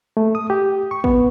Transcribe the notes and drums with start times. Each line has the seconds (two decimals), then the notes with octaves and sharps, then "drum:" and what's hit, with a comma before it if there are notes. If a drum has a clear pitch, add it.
0.17 A3
0.35 D#6
0.50 G4
0.91 C#6
1.04 B3, drum: kick G#1